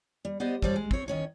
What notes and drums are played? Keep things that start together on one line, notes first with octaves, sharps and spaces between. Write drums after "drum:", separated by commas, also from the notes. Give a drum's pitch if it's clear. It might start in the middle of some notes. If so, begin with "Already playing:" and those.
G3
B3 G4 C5 D5 D#5
G2 D3 F3 G3 C#5 D5, drum: kick
G#3
C4 C#5, drum: kick
D#3 C#4 C#5